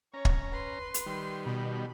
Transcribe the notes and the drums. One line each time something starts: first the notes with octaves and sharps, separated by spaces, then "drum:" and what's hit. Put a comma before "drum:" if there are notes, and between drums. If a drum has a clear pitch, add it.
C#4 C#5 A#5
drum: kick
B4 C6
drum: hi-hat
D#3 G3
B2 B5